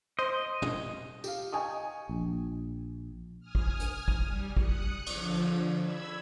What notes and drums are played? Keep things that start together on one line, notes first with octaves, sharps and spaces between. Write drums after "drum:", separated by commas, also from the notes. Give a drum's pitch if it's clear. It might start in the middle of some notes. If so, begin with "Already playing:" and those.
C5 D#5
drum: tom
G4 F5, drum: tambourine
D#5 G5 G#5 C#6 D#6
A#1
G#5 D#6 F6
drum: kick
drum: hi-hat
drum: kick
G3
D#6 F#6 C#7, drum: kick
D3 F3, drum: cymbal
B5 E6 G#6